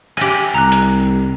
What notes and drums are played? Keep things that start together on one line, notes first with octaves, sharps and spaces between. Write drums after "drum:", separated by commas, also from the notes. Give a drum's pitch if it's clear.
G4 G#5, drum: cymbal
C2 A#5 F#6
drum: hi-hat